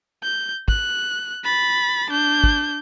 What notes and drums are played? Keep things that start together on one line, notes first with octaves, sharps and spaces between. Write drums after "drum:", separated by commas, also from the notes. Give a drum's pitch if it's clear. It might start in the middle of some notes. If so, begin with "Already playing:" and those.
G6
F#6, drum: kick
B5 A6
D4 G6
drum: kick